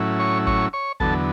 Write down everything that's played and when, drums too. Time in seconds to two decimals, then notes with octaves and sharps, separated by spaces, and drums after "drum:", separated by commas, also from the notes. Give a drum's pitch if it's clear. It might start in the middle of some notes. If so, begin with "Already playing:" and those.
Already playing: A2 F#3 C#4 E4
0.20 C#5 C#6
0.47 C#5 C#6, drum: kick
0.73 C#5 C#6
1.00 E2 D3 F#3 B3 A4 A5, drum: kick